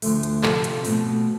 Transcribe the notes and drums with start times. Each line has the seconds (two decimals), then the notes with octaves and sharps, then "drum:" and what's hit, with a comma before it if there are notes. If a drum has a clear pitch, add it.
0.02 D2 D3 F3 A3, drum: open hi-hat
0.23 drum: hi-hat
0.43 C3 F3 C4 F4 A4, drum: clap
0.64 drum: hi-hat
0.85 B2 A3 C4, drum: open hi-hat